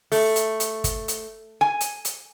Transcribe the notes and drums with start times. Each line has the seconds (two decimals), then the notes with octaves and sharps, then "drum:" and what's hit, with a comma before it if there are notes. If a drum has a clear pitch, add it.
0.12 A3, drum: open hi-hat
0.36 drum: hi-hat
0.60 drum: hi-hat
0.84 drum: kick, hi-hat
1.08 drum: hi-hat
1.61 G#5
1.81 drum: hi-hat
2.05 drum: hi-hat